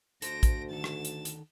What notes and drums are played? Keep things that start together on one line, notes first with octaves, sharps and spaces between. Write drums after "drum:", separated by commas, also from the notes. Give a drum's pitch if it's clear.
D2 A4 C5 A#6 D7, drum: hi-hat
drum: kick, hi-hat
D#3 A4 A6 E7
drum: rim click
drum: hi-hat
drum: hi-hat